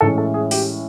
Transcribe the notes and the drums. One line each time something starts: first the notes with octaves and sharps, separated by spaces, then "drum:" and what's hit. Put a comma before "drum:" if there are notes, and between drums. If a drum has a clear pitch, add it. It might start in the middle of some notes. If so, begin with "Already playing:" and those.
A2 E3 G#3 C#4 A4
A4
G#4
G4, drum: open hi-hat